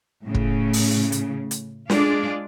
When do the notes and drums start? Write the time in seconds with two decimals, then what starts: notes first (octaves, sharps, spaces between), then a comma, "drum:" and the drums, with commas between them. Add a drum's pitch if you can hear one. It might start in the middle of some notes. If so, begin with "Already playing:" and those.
0.25 A2 C#3
0.34 drum: kick
0.73 drum: open hi-hat
1.12 drum: hi-hat
1.51 drum: hi-hat
1.90 G#3 D4 F4 G#4 D5, drum: snare